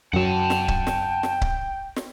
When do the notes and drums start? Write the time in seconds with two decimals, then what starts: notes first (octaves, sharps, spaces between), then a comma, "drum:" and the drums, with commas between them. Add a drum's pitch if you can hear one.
0.13 F#2 F#3 F#5 G5 A5
0.50 drum: snare
0.68 drum: kick C#1
0.87 drum: snare
1.23 drum: snare
1.42 drum: kick C#1
1.96 drum: snare